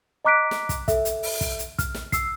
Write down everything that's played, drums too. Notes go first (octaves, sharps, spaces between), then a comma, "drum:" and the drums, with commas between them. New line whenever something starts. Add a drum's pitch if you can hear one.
D#5 A#5 D6 F#6 B6 D7
drum: snare
drum: kick, hi-hat
A4 E5, drum: kick, hi-hat
drum: hi-hat
drum: open hi-hat
drum: kick, hi-hat
drum: hi-hat
F6, drum: kick, hi-hat
drum: snare
E6 C7, drum: kick, hi-hat